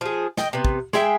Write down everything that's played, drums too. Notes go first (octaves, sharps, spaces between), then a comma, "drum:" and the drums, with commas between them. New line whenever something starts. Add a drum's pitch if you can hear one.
F3 G#4
D#5 G5, drum: snare
C3 B3
drum: kick
G#3 G#4 E5 G5, drum: snare